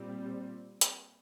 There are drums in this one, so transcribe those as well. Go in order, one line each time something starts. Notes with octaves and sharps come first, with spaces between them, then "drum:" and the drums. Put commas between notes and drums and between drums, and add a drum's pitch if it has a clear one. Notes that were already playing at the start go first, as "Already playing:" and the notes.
Already playing: A#2 G3 C4
drum: hi-hat